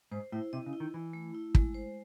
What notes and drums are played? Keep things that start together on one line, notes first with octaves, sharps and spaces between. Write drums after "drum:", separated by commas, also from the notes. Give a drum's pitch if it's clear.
G#2 C5
A2 E4
C3 D#5
C#3
E4
D#3
E3 E4
A3
E4
G#3, drum: kick
C5